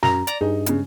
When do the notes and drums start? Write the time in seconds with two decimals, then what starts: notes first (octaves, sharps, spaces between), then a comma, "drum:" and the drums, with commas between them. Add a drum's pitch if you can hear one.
0.03 F#2 A#5, drum: snare
0.27 D5 A#5, drum: hi-hat
0.41 G2 D#4 G#4
0.66 C#3 G#3, drum: hi-hat